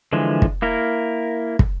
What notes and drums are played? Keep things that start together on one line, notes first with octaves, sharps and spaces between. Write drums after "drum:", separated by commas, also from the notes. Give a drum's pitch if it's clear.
D3 E3 F3 G#3
drum: kick
A#3 E4 A#4
drum: kick